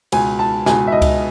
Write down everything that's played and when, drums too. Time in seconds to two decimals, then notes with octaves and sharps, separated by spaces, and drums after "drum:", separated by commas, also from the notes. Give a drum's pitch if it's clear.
0.12 C#2 B2 G#5, drum: cymbal
0.39 A5
0.66 C#2 B2 G#5, drum: snare
0.87 E5
0.92 D#5
1.02 drum: kick C#2, cymbal